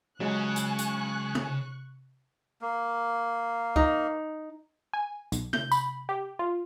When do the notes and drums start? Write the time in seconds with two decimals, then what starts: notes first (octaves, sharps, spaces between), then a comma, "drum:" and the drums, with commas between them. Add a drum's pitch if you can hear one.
0.20 C#3 F#3 G#3 G#5 C#6 F#6
0.56 drum: hi-hat
0.78 drum: hi-hat
1.35 drum: tom C3
2.62 A#3
3.76 D#4, drum: kick
4.93 G#5
5.32 B1, drum: hi-hat
5.53 G6, drum: tom C3
5.72 B5, drum: tambourine
6.09 G4
6.39 F4